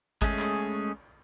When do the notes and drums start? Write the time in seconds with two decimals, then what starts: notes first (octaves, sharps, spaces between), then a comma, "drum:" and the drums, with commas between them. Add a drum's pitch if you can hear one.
0.22 G#3 A3 C#4 G#4, drum: kick G#1
0.39 drum: clap